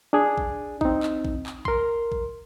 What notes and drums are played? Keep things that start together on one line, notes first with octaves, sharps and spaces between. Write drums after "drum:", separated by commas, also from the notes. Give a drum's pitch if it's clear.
D4 G#4
drum: kick A1
C4 D#4, drum: kick A1
drum: clap
drum: kick A1
drum: clap
A#4 C6, drum: kick A1
drum: kick A1